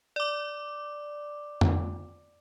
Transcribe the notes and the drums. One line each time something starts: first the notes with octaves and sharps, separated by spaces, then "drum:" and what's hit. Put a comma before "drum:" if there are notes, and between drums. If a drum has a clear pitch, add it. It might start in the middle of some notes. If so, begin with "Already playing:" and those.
D5 D6
drum: tom F2